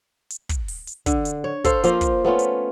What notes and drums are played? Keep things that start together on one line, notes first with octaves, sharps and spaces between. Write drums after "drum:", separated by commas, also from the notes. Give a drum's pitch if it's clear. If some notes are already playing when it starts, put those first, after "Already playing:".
drum: hi-hat
drum: kick, hi-hat
drum: open hi-hat
drum: hi-hat
D3, drum: kick, hi-hat
drum: hi-hat
C#5
A4 C5 F5, drum: kick, hi-hat
F3 A#3 F4, drum: hi-hat
drum: kick, hi-hat
A3 B3 C#4 F4
drum: hi-hat